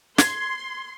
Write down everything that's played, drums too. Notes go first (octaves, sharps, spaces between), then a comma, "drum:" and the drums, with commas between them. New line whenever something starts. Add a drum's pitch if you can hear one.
C6 G#6, drum: snare